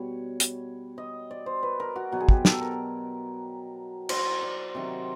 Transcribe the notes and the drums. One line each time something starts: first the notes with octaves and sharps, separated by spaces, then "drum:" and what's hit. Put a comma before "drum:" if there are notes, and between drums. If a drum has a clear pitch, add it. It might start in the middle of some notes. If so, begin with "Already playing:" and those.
Already playing: B2 G3 C#5
drum: hi-hat
D#5
D5
C5
B4
A#4
F#4
B2 F#3 F#4
G#4
G4, drum: kick
A4, drum: snare
A#4
C5, drum: cymbal
D5
C3 D#3 F#3